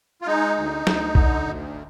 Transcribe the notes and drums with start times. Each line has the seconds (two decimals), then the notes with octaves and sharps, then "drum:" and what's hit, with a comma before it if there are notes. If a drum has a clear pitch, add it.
0.22 F4
0.27 G#3 D#4
0.57 D2
0.87 D2, drum: snare
1.15 D3, drum: kick B1
1.46 D2